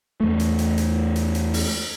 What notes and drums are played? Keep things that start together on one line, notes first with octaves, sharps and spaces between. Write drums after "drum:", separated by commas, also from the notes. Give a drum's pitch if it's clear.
E2 A3
drum: hi-hat
drum: hi-hat
drum: hi-hat
drum: hi-hat
drum: hi-hat
drum: open hi-hat